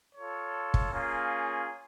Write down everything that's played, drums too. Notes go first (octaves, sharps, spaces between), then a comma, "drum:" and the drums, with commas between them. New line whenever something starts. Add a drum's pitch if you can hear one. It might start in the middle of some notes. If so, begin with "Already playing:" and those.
F4 A4 C#5
drum: kick
A#3 C#4 F4 G#4